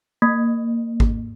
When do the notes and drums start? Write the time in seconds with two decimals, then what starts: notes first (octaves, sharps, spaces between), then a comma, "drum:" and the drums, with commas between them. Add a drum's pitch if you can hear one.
0.22 A#3
1.00 drum: kick G#1